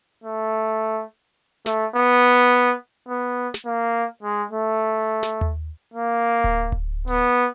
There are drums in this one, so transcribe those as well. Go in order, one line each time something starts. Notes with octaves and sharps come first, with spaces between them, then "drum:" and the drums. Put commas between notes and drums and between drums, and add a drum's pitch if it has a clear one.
A3
A3, drum: snare
B3
B3
drum: snare
A#3
G#3
A3
drum: snare
drum: tom D#2
A#3
drum: kick D1
drum: kick D1
B3, drum: open hi-hat